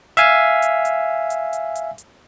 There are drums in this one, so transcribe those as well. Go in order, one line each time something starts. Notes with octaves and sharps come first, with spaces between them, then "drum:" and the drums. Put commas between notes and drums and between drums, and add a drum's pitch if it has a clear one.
E5 F5 G#5, drum: hi-hat
drum: hi-hat
drum: hi-hat
drum: hi-hat
drum: hi-hat
drum: hi-hat
drum: hi-hat